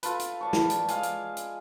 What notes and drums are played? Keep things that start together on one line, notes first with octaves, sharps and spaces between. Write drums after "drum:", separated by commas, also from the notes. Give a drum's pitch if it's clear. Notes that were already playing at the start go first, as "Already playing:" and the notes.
F4 A4 B4, drum: hi-hat
drum: hi-hat
D5 A5 C#6
drum: snare
drum: hi-hat
G#3 F5 G#5, drum: hi-hat
drum: hi-hat
drum: hi-hat